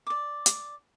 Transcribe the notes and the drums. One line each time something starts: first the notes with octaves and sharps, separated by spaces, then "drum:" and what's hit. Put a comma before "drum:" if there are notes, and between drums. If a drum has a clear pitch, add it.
D5 D6
drum: hi-hat